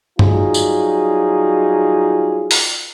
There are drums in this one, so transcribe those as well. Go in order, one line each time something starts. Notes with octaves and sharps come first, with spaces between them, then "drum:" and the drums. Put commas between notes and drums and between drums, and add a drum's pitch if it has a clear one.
F#3 G3 D#4 F4 G#4, drum: tom G2
drum: tambourine
drum: open hi-hat